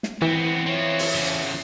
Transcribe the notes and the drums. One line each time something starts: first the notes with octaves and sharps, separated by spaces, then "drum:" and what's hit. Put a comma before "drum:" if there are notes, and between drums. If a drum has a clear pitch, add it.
drum: snare
E3 B3 C4
F3 C4 E4 C#5
drum: open hi-hat
E2 C#3